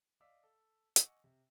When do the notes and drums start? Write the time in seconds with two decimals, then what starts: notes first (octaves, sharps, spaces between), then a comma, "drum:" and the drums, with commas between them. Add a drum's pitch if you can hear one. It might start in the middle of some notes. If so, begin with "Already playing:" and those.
0.20 D5 D#5 F5 D6 E6 B6
0.43 A4
0.96 D#5 F#5 G#5 C#6 D6 E6, drum: hi-hat
1.24 C3